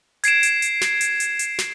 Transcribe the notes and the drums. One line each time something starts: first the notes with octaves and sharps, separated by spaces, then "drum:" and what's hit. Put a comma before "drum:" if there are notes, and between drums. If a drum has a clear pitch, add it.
G#6 C7 D7 E7, drum: hi-hat
drum: hi-hat
drum: hi-hat
drum: snare
drum: hi-hat
drum: hi-hat
drum: hi-hat
drum: snare